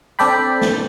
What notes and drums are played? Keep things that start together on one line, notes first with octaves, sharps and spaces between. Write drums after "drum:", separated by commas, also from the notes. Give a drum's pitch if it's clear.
C4 D4 A4 D5 G5 B5
drum: snare